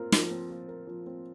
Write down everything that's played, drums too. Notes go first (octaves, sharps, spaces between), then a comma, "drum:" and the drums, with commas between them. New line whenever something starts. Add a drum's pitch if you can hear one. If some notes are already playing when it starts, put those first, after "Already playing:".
Already playing: C4 F4 A#4
F3, drum: snare
C4
F4
A#4
F3
C4